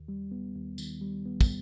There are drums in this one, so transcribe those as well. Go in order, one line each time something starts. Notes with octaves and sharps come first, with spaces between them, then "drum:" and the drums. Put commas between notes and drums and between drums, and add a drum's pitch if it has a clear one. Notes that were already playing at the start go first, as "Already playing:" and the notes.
Already playing: D#2
G3
B3
D#2
D#3, drum: tambourine
G3
B3
drum: kick, tambourine